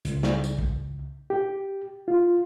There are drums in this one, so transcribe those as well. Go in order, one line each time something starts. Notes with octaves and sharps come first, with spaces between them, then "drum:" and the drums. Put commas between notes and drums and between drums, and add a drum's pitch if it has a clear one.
C#2, drum: hi-hat
drum: snare
drum: tambourine
drum: kick
G4
F4